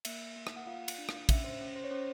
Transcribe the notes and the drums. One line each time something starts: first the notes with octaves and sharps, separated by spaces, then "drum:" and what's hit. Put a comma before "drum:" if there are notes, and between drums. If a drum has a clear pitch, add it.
A#3 E5, drum: cymbal
A#3
drum: rim click
F#5
F4 F5
drum: cymbal
D4
drum: rim click
C#4 E5, drum: kick, cymbal
C5
C#4
C5
C#5
C#4 C5